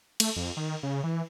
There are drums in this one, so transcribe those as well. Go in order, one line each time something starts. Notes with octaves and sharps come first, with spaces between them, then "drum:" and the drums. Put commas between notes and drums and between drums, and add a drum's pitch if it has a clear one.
A3, drum: cymbal
F2
D#3
C#3
E3